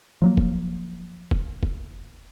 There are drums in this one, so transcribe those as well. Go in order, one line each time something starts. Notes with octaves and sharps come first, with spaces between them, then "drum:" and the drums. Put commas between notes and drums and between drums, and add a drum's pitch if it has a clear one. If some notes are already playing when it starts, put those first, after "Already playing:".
F3 F#3 A#3
drum: kick
drum: kick
drum: kick